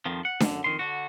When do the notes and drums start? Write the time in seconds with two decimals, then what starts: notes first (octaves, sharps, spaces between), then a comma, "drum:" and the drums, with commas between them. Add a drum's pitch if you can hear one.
0.06 F2 D#3 F3
0.25 F#5
0.40 F#2 D3, drum: snare D4
0.64 F2 D#3 C6
0.79 D3 F#4